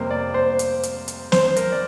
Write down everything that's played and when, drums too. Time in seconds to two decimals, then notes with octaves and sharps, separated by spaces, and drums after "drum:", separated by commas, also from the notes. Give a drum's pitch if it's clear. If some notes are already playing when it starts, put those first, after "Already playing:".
Already playing: F2 C3 G3 A#3 C5
0.11 D5
0.34 C5
0.59 drum: hi-hat
0.83 drum: hi-hat
1.08 drum: hi-hat
1.32 C5, drum: snare
1.56 A#4, drum: hi-hat
1.72 D5